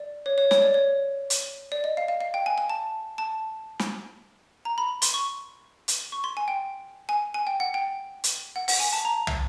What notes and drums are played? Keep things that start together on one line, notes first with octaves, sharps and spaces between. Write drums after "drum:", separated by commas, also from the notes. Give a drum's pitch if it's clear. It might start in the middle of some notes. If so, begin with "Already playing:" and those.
Already playing: D5
C#5
C#5
C#5, drum: snare
D5
C#5
drum: hi-hat
D5
D#5
F5
F5
F5
G5
G#5
G#5
A5
A5
drum: snare
A#5
B5
C6, drum: hi-hat
C#6
drum: hi-hat
C#6
C6
G#5
G5
G#5
G#5
G5
F#5
G5
drum: hi-hat
F#5
F#5, drum: open hi-hat
G#5
A5
A#5
drum: tom